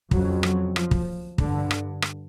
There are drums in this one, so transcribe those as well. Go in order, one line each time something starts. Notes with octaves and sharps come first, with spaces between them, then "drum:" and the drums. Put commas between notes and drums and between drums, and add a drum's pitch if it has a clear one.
F2 C#3 F#3, drum: kick
F#3, drum: rim click
F3, drum: rim click
drum: kick
G2 D3, drum: kick
drum: rim click
drum: rim click